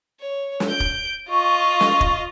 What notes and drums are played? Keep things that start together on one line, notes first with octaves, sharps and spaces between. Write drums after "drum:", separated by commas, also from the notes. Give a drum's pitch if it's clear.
C#5
drum: snare
G6 D7
drum: kick
F4 D#5 C#6
drum: snare
drum: kick